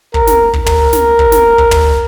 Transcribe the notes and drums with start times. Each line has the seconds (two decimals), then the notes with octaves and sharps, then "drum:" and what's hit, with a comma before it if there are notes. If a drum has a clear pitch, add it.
0.14 A#4, drum: kick
0.27 drum: snare
0.53 drum: kick
0.66 A#4, drum: tom
0.93 drum: snare
1.19 drum: kick
1.32 drum: snare
1.58 drum: kick
1.71 drum: tom